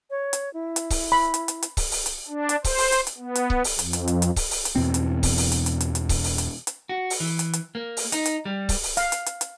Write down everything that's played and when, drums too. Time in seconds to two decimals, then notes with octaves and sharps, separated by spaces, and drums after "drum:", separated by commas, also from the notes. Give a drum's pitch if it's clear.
0.10 C#5
0.33 drum: hi-hat
0.54 E4
0.76 drum: hi-hat
0.90 drum: kick C#1, open hi-hat
1.12 B5
1.34 drum: hi-hat
1.48 drum: hi-hat
1.63 drum: hi-hat
1.77 drum: kick C#1, open hi-hat
1.91 drum: open hi-hat
2.06 drum: hi-hat
2.28 D4
2.49 drum: hi-hat
2.64 C5, drum: kick C#1, open hi-hat
2.78 drum: open hi-hat
2.92 drum: hi-hat
3.07 drum: hi-hat
3.18 B3
3.35 drum: hi-hat
3.50 drum: kick C#1
3.64 drum: open hi-hat
3.79 F2, drum: hi-hat
3.93 drum: hi-hat
4.08 drum: hi-hat
4.22 drum: hi-hat
4.36 drum: kick C#1, open hi-hat
4.51 drum: open hi-hat
4.65 drum: hi-hat
4.76 E2 B2 C4
4.94 drum: hi-hat
5.23 drum: kick C#1, open hi-hat
5.37 drum: open hi-hat
5.52 drum: hi-hat
5.66 drum: hi-hat
5.80 drum: hi-hat
5.95 drum: hi-hat
6.09 drum: kick C#1, open hi-hat
6.24 drum: open hi-hat
6.38 drum: hi-hat
6.67 drum: hi-hat
6.89 F#4
7.10 drum: open hi-hat
7.20 E3
7.39 drum: hi-hat
7.53 drum: hi-hat
7.75 A#3
7.97 drum: open hi-hat
8.12 D#4, drum: hi-hat
8.26 drum: hi-hat
8.45 G3
8.69 drum: kick C#1, open hi-hat
8.83 drum: open hi-hat
8.97 F5, drum: hi-hat
9.12 drum: hi-hat
9.26 drum: hi-hat
9.41 drum: hi-hat